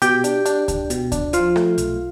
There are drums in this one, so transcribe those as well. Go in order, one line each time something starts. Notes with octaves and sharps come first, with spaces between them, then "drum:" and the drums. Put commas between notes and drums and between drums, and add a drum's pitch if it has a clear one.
B2 G4 G5, drum: hi-hat
D4, drum: hi-hat
D4, drum: hi-hat
D4, drum: kick D2, hi-hat
B2, drum: hi-hat
D4, drum: kick D2, hi-hat
F3 F4 F5, drum: hi-hat
A3, drum: rim click
B1, drum: hi-hat